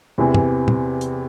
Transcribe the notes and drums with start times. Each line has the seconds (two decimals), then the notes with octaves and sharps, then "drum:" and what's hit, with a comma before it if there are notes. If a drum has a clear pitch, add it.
0.18 E2 C3 E3
0.34 drum: tom
0.68 drum: tom
1.01 drum: hi-hat